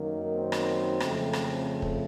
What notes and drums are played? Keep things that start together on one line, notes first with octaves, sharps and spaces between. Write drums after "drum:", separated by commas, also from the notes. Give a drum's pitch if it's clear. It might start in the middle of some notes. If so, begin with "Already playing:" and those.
Already playing: F#2 D#3 F#3 A#3
C4
drum: rim click
F2 C#3 F3 A3 C4, drum: rim click
drum: rim click
C4
drum: kick